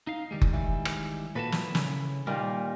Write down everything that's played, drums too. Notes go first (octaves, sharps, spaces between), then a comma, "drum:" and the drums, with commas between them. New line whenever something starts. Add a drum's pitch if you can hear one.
D#4 F5
D#3 G3 G#3
drum: kick F#1
E3
drum: rim click
A#2 F#4 A4 B4 A5
drum: snare
C#3, drum: snare
A#2 D#3 G3 A#3